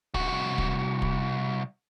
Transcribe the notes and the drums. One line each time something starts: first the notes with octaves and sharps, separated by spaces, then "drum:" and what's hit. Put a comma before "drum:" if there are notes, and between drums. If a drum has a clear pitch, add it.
C2 F#4, drum: kick
drum: kick
drum: kick